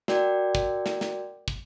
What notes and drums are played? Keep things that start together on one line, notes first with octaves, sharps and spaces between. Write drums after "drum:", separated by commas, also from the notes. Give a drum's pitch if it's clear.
F#4 A#4 D5 G5, drum: snare
drum: kick
drum: snare
drum: snare
drum: kick